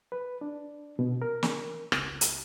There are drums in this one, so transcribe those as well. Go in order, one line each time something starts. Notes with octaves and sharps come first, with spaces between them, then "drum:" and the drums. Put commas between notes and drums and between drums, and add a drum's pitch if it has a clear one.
B4
D4
B2
A#4
drum: snare
C#2, drum: rim click
drum: hi-hat